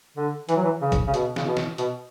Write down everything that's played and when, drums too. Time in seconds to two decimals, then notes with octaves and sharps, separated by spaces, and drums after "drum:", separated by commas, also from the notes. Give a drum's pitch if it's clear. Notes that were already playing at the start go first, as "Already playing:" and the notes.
0.17 D3
0.49 E3, drum: hi-hat
0.56 F#3
0.64 E3
0.82 C#3
0.92 drum: kick, hi-hat
1.07 C#3
1.14 B2, drum: hi-hat
1.36 C#3, drum: snare
1.46 B2
1.57 drum: snare
1.78 B2, drum: hi-hat